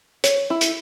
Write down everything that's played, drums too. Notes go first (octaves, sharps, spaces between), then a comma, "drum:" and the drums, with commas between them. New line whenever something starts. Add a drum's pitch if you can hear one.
C#5, drum: hi-hat
E4
drum: hi-hat